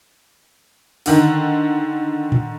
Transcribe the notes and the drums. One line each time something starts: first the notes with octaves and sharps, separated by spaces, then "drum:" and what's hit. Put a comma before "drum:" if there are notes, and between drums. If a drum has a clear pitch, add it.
D3 D#3, drum: open hi-hat
drum: tom A2